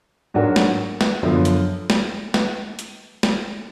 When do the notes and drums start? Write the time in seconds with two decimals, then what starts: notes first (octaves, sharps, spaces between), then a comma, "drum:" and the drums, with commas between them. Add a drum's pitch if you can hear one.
0.34 G#2 F#3 D4 F#4 A#4
0.56 drum: snare
1.01 drum: snare
1.23 F#2 D3 F3 B3
1.45 drum: hi-hat
1.90 drum: snare
2.34 drum: snare
2.79 drum: hi-hat
3.23 drum: snare